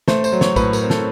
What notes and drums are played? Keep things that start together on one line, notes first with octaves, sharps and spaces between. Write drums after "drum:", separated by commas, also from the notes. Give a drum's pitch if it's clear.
A3 C5, drum: snare
C5, drum: tambourine
F#3
C#5, drum: snare
A2 B4, drum: kick A#1, tambourine
A#4, drum: tambourine
C4
A4, drum: snare